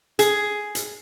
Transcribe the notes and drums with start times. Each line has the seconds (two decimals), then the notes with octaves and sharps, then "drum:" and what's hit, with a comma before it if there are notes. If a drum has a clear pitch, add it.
0.19 G#4, drum: hi-hat
0.75 drum: hi-hat